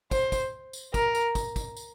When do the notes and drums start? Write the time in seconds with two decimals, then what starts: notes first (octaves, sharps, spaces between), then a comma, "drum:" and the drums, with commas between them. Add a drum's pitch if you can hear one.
0.11 C5, drum: kick, tambourine
0.32 drum: kick, tambourine
0.73 drum: tambourine
0.94 A#4, drum: kick, tambourine
1.15 drum: tambourine
1.35 drum: kick, tambourine
1.56 drum: kick, tambourine
1.77 drum: tambourine